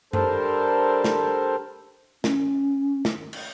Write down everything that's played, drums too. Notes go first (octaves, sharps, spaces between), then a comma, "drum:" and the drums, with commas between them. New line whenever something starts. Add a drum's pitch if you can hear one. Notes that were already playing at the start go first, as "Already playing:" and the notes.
G3 D4 A4 A#4 C5, drum: tom F#2
drum: snare
C#4, drum: snare
drum: snare
drum: cymbal